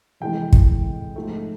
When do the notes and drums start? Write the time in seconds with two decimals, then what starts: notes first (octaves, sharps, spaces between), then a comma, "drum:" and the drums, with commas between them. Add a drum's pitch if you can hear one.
0.20 F2 C3 E3 G#3 G5
0.53 drum: kick
1.16 G#2 F3 A3